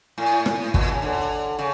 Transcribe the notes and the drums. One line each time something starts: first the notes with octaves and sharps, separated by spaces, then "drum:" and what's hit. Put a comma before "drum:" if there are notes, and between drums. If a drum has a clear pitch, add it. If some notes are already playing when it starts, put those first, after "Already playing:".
A2
drum: rim click
A#2, drum: kick
C#3
D3
C#3